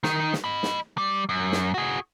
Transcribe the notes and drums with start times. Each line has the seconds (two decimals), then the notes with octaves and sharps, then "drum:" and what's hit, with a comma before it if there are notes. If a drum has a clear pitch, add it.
0.03 D#3 D#4, drum: snare
0.33 drum: snare
0.44 D#5 B5
0.63 drum: snare
0.98 G3
1.29 F#2
1.52 drum: snare
1.74 F#4 G#4